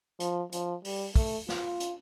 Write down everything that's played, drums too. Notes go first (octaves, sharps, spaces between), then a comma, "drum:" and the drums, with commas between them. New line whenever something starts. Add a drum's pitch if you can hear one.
F3, drum: hi-hat
F3, drum: hi-hat
G3, drum: open hi-hat
A3, drum: kick, open hi-hat
F4, drum: snare
drum: hi-hat